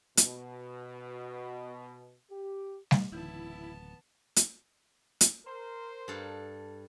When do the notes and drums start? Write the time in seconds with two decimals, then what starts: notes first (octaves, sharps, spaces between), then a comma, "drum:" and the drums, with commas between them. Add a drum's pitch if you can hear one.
0.17 B2, drum: hi-hat
2.30 G4
2.91 drum: snare G3
3.12 D1 C#3 E3 B3 D#4 E4 A5
4.36 drum: hi-hat
5.21 drum: hi-hat
5.46 A#4 C5
6.08 G2 A4 F5